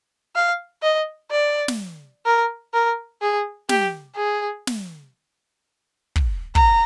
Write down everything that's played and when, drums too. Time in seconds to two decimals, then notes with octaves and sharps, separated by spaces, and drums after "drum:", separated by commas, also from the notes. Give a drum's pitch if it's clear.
0.35 F5
0.83 D#5
1.31 D5
1.68 drum: snare
2.26 A#4
2.74 A#4
3.22 G#4
3.69 G4, drum: snare
4.16 G#4
4.67 drum: snare
6.16 drum: kick
6.55 A#5, drum: kick